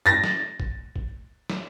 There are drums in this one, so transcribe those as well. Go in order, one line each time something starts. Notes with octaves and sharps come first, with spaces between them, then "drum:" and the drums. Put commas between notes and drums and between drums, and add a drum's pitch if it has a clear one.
A6 A#6
drum: snare
drum: kick G#1
drum: kick G#1
drum: snare